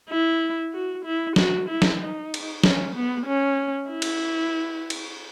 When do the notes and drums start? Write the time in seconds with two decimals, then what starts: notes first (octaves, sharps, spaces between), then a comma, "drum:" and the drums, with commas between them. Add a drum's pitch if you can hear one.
0.10 E4
0.73 F#4
1.05 E4
1.36 F#4, drum: snare
1.69 E4
1.82 drum: snare
2.01 D#4
2.34 drum: cymbal
2.64 C#4, drum: snare
2.95 B3
3.27 C#4
3.90 E4
4.02 drum: cymbal
4.90 drum: cymbal